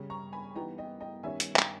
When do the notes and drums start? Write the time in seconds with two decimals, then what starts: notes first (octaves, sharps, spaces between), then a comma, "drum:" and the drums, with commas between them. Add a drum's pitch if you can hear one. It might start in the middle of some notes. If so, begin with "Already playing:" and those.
Already playing: C#3 G3 C#4
0.10 A#5 C#6
0.32 G#5 B5
0.55 E3 G3 B3 D#4 G5 A#5
0.78 D#5 G5
1.00 D#5 G5
1.23 D#3 G3 C#4 E5 G#5
1.40 drum: hi-hat
1.56 G5 A#5, drum: clap